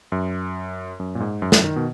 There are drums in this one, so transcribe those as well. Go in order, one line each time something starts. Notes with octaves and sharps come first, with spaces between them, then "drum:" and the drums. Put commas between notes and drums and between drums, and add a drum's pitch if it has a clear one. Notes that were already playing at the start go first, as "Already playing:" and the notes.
F#2
F#2
A#2
G#2
F#2
drum: snare
D#3
B2